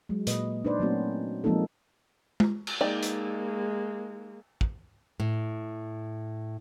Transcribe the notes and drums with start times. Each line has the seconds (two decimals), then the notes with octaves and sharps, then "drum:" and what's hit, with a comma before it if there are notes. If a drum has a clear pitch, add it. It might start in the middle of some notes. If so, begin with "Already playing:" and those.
0.09 F#3 G#3
0.27 A#2 B4 D#5, drum: hi-hat
0.64 D4 D#4 B4 C5 D5
0.80 F#3 A3 A#3 C4 C#4 F#4
1.44 F3 G#3 A#3 C4 D#4 A4
2.40 drum: tom G#3
2.67 drum: cymbal
2.81 G#3 A#3 D#4 G4 D5
3.03 drum: hi-hat
4.61 drum: kick
5.20 A2